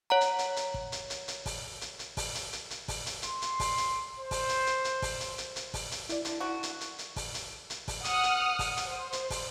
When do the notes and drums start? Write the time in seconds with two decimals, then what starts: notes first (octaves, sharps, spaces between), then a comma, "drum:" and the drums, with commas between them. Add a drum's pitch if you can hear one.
0.10 C#5 F#5 A#5
0.21 drum: hi-hat
0.39 drum: hi-hat
0.56 drum: hi-hat
0.74 drum: kick
0.92 drum: hi-hat
1.10 drum: hi-hat
1.28 drum: hi-hat
1.46 drum: kick, open hi-hat
1.81 drum: hi-hat
1.99 drum: hi-hat
2.17 drum: kick, open hi-hat
2.35 drum: hi-hat
2.53 drum: hi-hat
2.70 drum: hi-hat
2.88 drum: kick, open hi-hat
3.06 drum: hi-hat
3.22 C6, drum: hi-hat
3.42 drum: hi-hat
3.60 drum: kick, open hi-hat
3.77 drum: hi-hat
4.19 C5
4.31 drum: kick, open hi-hat
4.49 drum: hi-hat
4.67 drum: hi-hat
4.84 drum: hi-hat
5.02 drum: kick, open hi-hat
5.20 drum: hi-hat
5.38 drum: hi-hat
5.56 drum: hi-hat
5.74 drum: kick, open hi-hat
5.91 drum: hi-hat
6.09 E4 D5, drum: hi-hat
6.25 D3, drum: hi-hat
6.40 D3 F#4
6.63 drum: hi-hat
6.81 drum: hi-hat
6.98 drum: hi-hat
7.16 drum: kick, open hi-hat
7.34 drum: hi-hat
7.70 drum: hi-hat
7.88 drum: kick, open hi-hat
8.04 F#5 D#6 F6, drum: hi-hat
8.23 drum: hi-hat
8.59 drum: kick, open hi-hat
8.77 drum: hi-hat
8.87 C5
9.13 drum: hi-hat
9.30 drum: kick, open hi-hat